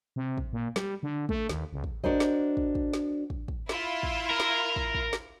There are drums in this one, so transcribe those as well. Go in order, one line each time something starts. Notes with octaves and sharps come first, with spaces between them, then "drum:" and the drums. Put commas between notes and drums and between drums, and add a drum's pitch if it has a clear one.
C3
drum: kick
A#2
G3, drum: snare
D3
A3, drum: kick
D#2, drum: snare
C#2
drum: kick
D4 F#4 A#4 C5 D#5, drum: kick
drum: snare
drum: kick
drum: kick
drum: snare
drum: kick
drum: kick
E4 F4, drum: snare
drum: kick
A#4
drum: snare
drum: kick
drum: kick
drum: snare